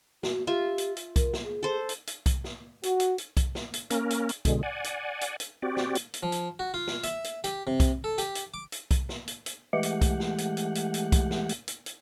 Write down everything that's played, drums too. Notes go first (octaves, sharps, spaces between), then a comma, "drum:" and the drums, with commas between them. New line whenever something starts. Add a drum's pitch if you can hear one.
F#4, drum: snare
F4 G4 E5
drum: hi-hat
drum: hi-hat
A#4, drum: kick B1, hi-hat
drum: snare
G#4
A4 C5
drum: hi-hat
drum: hi-hat
drum: kick B1, hi-hat
drum: snare
F#4, drum: hi-hat
drum: hi-hat
drum: hi-hat
drum: kick B1, hi-hat
drum: snare
drum: hi-hat
A#3 C#4 A#4, drum: hi-hat
drum: hi-hat
drum: hi-hat
B2 D3 G#3, drum: kick B1, hi-hat
D5 F#5 G#5
drum: hi-hat
drum: hi-hat
drum: hi-hat
C4 F#4 G4 D5
drum: snare
drum: hi-hat
drum: hi-hat
F3
drum: hi-hat
F#4
F4
drum: snare
E5, drum: hi-hat
drum: hi-hat
G4, drum: hi-hat
C3
drum: kick B1, hi-hat
A4
G4, drum: hi-hat
drum: hi-hat
D6
drum: hi-hat
drum: kick B1, hi-hat
drum: snare
drum: hi-hat
drum: hi-hat
E3 G#3 A3 G4 F#5
drum: hi-hat
drum: kick B1, hi-hat
drum: snare
drum: hi-hat
drum: hi-hat
drum: hi-hat
drum: hi-hat
drum: kick B1, hi-hat
drum: snare
drum: hi-hat
drum: hi-hat
drum: hi-hat